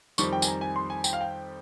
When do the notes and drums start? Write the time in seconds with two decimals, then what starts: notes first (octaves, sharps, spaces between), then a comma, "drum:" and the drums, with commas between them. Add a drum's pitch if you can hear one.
0.18 F2 D#3 G3 C4 C#6, drum: tambourine
0.33 G5
0.42 G#5, drum: tambourine
0.47 A#5
0.61 G#5
0.76 C6
0.90 G#5
1.04 G5, drum: tambourine
1.13 F5
1.21 G5